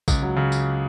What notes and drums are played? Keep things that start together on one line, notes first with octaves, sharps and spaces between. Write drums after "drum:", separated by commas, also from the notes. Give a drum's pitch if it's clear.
C#2, drum: kick, tambourine
F#3
C#3
drum: tambourine